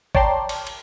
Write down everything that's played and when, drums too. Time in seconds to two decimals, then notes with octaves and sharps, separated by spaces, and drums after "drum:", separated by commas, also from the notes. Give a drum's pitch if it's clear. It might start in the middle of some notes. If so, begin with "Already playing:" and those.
0.15 C#5 D5 G5 A5 A#5 C6, drum: kick
0.49 drum: cymbal
0.67 drum: cymbal